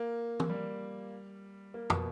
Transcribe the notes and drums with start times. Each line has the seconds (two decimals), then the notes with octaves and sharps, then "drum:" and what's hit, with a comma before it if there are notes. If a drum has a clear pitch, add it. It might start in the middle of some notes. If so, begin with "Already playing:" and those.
Already playing: A#3
0.40 drum: tom
0.50 G3
1.74 A#3
1.90 B2, drum: tom